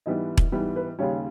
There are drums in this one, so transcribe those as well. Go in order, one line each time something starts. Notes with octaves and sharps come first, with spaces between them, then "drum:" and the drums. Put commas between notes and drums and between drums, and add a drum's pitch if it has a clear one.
G#2 E3 G3 B3 D#5
drum: kick E1
G#2 E3 G3 B3
B4
D#2 C#3 G3 C#5